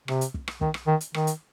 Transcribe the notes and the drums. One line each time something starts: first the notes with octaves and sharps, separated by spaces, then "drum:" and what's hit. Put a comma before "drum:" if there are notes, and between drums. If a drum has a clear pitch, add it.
C3, drum: rim click
drum: hi-hat
drum: kick
drum: rim click
D#3, drum: kick
drum: rim click
D#3
drum: hi-hat
D#3, drum: rim click
drum: hi-hat